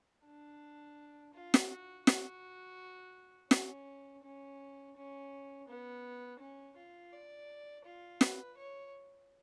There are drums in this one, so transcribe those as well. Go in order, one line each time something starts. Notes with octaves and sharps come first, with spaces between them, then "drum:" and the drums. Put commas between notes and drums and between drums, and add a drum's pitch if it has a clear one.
D4
F4
drum: snare
F#4
F#4, drum: snare
C#4, drum: snare
C#4
C#4
B3
C#4
F4
D5
F4
B4, drum: snare
C#5